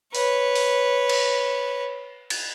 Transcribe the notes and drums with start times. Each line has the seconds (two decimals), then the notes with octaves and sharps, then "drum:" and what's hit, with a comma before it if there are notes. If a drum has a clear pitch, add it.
0.15 B4 C#5, drum: open hi-hat
0.56 drum: open hi-hat
1.09 drum: cymbal
2.30 drum: cymbal